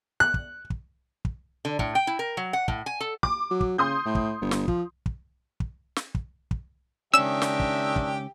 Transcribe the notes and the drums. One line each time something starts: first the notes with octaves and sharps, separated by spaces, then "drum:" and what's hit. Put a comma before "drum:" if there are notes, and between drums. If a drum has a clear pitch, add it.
F#6
drum: kick
drum: kick
drum: kick
D3
A2, drum: kick
G5
E4
A#4
F#3
F#5
A2, drum: kick
G#5
A4
D6, drum: kick
F#3
drum: kick
C#3 C6 D#6 G6
A2
drum: kick
G1
drum: snare
F3, drum: kick
drum: kick
drum: kick
drum: snare
drum: kick
drum: kick
C#2 D#3 C#4 D4 G4 E5 E6 E7
drum: snare
drum: kick
drum: kick